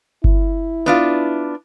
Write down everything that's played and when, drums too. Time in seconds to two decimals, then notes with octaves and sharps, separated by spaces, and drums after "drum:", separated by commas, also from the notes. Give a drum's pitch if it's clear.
0.24 E4, drum: kick G1
0.86 B3 D4 F4